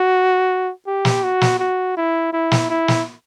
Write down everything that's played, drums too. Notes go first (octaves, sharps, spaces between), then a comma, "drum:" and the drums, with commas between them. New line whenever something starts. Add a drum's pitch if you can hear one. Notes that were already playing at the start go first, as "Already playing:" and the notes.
Already playing: F#4
G4
drum: snare
F#4
drum: snare
F#4
E4
E4
drum: snare
E4
drum: snare